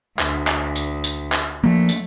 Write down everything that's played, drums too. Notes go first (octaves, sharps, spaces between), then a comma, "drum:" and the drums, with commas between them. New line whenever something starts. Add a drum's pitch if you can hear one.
D2, drum: clap
drum: clap
drum: tambourine
drum: tambourine
drum: clap
F3 A3 A#3
drum: tambourine